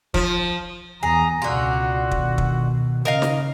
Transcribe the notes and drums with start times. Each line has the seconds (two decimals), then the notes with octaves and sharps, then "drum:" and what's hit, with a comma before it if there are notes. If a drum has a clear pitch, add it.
0.14 F3, drum: kick
1.03 E2 G#4 A#5
1.42 C#2 B2 D3 F4 F#4
2.11 B2 D#3, drum: kick
2.38 drum: kick
3.05 C#3 A#4 D#5 F5
3.22 drum: snare